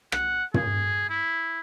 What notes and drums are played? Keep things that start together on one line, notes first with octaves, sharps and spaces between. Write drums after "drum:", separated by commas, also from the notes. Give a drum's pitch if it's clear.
F#5, drum: rim click
G#4, drum: tom
E4